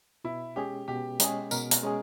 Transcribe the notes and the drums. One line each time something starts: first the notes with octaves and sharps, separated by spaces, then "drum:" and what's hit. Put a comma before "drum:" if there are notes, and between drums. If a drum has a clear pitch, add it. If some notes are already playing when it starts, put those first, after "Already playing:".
B2 E4
G#3 C#4 G4 G#4
B2 G4
G#3 C#4 G#4, drum: hi-hat
B2 A#4, drum: tambourine
drum: hi-hat
G#3 C#4 G#4